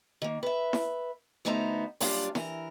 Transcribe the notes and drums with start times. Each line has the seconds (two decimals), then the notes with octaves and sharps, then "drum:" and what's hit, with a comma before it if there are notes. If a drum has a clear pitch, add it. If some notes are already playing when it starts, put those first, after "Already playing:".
0.22 D#3 A#3
0.43 B4 E5
0.73 drum: snare E4
1.45 D2 A3 B3 D#4 C5 A#5
2.00 F#2 G3 A#3 D4 F4 F5, drum: open hi-hat
2.35 E3 A#4, drum: snare E4